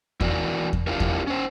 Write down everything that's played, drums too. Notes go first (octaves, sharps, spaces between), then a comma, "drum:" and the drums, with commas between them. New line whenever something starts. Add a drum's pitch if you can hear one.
E3 E4 F#4 A#4 D5, drum: kick E2
drum: kick E2
D4 E4 F4 G4 A#4
drum: kick E2
C#4 C5